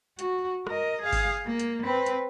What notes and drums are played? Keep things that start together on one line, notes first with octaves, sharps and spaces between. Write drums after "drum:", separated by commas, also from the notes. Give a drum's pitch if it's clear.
F#4, drum: hi-hat
A#4 D#5, drum: rim click
G#4 F5
drum: kick G#1, open hi-hat
A#3
drum: hi-hat
C4 B4
drum: hi-hat